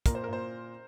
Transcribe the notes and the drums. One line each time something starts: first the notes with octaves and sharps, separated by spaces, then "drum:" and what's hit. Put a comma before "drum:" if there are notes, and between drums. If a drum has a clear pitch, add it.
A#2 A#4, drum: kick, hi-hat
C5
A#4
A#2 C5